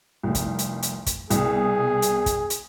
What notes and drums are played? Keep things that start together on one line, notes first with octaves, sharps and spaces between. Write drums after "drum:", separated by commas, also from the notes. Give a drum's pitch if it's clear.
F1 C2
drum: kick, hi-hat
drum: hi-hat
drum: hi-hat
drum: kick, hi-hat
C2 B2 G#4, drum: hi-hat
drum: hi-hat
drum: kick, hi-hat
drum: hi-hat